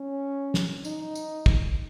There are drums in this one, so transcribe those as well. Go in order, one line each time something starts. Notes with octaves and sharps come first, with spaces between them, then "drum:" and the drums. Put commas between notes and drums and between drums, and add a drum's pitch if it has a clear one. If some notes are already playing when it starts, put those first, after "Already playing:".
Already playing: C#4
drum: snare
D#4, drum: tambourine
drum: tambourine
drum: kick